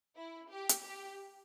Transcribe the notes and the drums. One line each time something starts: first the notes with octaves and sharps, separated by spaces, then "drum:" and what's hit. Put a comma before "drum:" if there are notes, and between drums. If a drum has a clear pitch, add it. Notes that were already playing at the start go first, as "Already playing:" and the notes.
E4
G4
drum: hi-hat
G4